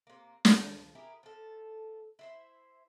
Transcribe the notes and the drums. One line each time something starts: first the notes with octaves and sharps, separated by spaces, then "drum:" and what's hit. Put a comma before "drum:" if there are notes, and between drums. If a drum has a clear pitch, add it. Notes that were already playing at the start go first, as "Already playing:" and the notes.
C3 A#3
F3, drum: snare
E4 G4 G#4 A#4
F3 A4
E4 C5 E5